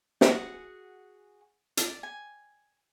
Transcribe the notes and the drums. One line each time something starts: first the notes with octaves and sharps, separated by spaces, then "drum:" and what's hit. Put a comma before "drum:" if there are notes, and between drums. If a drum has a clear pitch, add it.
F#4 G#4 F#5, drum: snare
D5, drum: hi-hat
G#5